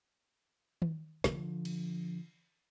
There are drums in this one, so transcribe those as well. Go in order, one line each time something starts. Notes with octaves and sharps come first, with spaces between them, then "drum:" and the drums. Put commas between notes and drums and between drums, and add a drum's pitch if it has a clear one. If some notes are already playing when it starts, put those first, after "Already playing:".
drum: tom D#3
D3 F3, drum: snare
drum: cymbal